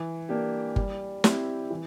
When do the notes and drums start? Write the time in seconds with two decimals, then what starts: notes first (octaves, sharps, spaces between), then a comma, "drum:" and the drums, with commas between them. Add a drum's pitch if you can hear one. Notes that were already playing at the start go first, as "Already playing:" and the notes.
Already playing: E3
0.29 A#3 D4 G4
0.76 G3, drum: kick G1
1.24 C4 E4 G4, drum: snare
1.71 E3